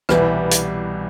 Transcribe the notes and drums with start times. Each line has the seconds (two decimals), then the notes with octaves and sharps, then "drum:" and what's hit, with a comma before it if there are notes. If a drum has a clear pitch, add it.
0.09 C2 B2 E3 G3 B3, drum: rim click
0.51 drum: hi-hat